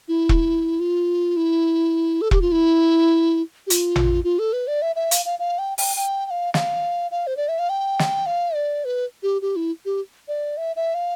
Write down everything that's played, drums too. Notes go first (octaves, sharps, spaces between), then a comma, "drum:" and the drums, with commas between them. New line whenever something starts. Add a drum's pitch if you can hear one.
E4
drum: kick E1
F4
E4
A4
G4, drum: kick E1
F4
E4
G4
F4, drum: hi-hat
drum: tom A1
F4
A4
B4
D5
E5
E5
F5, drum: hi-hat
F5
F5
G5
G5, drum: open hi-hat
G5
G5
F5
F5, drum: snare
F5
C5
D5
E5
F5
G5
drum: snare
F5
D5
B4
G4
G4
E4
G4
D5
E5
E5
F5